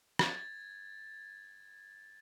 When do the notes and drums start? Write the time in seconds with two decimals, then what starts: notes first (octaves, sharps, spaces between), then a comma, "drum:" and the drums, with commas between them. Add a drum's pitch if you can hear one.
0.19 G#6 A6, drum: rim click